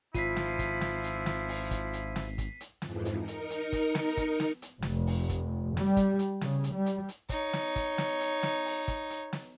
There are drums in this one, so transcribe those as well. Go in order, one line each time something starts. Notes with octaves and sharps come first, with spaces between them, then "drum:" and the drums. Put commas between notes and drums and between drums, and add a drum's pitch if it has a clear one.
G#1 F3 E4 F4 B6 C7 D#7, drum: kick, hi-hat
drum: snare
drum: kick, hi-hat
drum: snare
drum: hi-hat
drum: snare
drum: open hi-hat
drum: kick, hi-hat
drum: hi-hat
drum: snare
drum: kick, hi-hat
drum: hi-hat
F2 G#2 E3 F3, drum: snare
drum: hi-hat
D#4 A#4 C#7
drum: hi-hat
drum: hi-hat
drum: kick, hi-hat
drum: snare
drum: kick, hi-hat
drum: snare
drum: hi-hat
F1, drum: snare
drum: open hi-hat
drum: kick, hi-hat
G3, drum: snare
drum: kick, hi-hat
drum: hi-hat
C#3, drum: snare
drum: hi-hat
G3
drum: hi-hat
drum: hi-hat
D#4 C#5, drum: kick, hi-hat
drum: snare
drum: kick, hi-hat
drum: snare
drum: hi-hat
drum: snare
drum: open hi-hat
drum: kick, hi-hat
drum: hi-hat
drum: snare